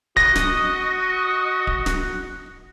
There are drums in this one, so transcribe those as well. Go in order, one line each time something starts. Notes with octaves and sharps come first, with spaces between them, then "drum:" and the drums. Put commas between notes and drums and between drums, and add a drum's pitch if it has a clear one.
F#4 D#5 A#6, drum: kick D1
drum: snare
drum: kick D1
drum: snare